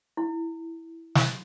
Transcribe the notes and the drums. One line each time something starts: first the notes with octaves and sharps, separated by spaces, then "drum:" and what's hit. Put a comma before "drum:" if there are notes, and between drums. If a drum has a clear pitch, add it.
E4
drum: snare